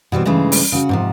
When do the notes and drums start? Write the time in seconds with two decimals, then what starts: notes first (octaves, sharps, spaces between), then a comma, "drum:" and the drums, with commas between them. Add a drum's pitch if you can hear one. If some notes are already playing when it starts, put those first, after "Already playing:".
0.12 B2 E3 G3 C4
0.26 G2 C#3 E3 G#3 A3
0.52 drum: open hi-hat
0.72 C#3 F#4
0.89 G#2 C3 F3